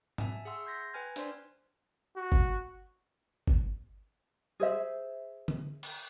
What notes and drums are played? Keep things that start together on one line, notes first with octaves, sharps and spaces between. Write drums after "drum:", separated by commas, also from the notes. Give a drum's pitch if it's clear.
E5 G#5 A5, drum: tom G#2
G#4 E5 F#5 C6 E6
C6 G6 G#6 A#6 B6
B4 G5 G#5 F6 G#6
D4 C5 D5 C6, drum: hi-hat
F#4
drum: kick G1
drum: kick G1
G#4 C5 E5
drum: tom D3
drum: cymbal